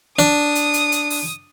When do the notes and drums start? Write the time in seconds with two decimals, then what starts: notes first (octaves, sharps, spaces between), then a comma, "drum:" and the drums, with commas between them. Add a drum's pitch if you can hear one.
0.19 D4 D#6, drum: hi-hat
0.55 drum: hi-hat
0.74 drum: hi-hat
0.92 drum: hi-hat
1.10 drum: open hi-hat